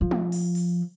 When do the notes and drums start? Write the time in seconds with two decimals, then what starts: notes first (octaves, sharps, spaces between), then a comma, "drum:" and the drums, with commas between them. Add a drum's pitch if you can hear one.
0.01 F3
0.11 drum: tom
0.32 drum: open hi-hat
0.55 drum: open hi-hat